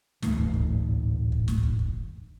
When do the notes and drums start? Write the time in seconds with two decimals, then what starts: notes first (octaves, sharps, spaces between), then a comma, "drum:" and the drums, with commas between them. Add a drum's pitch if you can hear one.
0.22 A1 D2 G#2 B2, drum: snare
0.38 drum: kick
0.54 drum: kick
1.32 drum: kick
1.48 drum: snare
1.63 drum: kick
1.79 drum: kick